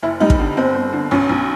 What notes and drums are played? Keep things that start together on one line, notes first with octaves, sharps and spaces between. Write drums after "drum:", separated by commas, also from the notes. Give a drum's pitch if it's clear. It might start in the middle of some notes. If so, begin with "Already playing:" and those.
F#1 E4
G3 D#4
drum: kick
D3
G1 C4
G1
D3
B1 C#4
B1